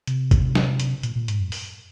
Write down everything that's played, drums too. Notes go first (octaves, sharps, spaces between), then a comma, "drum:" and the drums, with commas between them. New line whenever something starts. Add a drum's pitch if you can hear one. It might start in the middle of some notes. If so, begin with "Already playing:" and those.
C3, drum: hi-hat
drum: kick, hi-hat
drum: snare
drum: hi-hat
A#2, drum: hi-hat
A#2
G#2, drum: hi-hat
F#2
drum: open hi-hat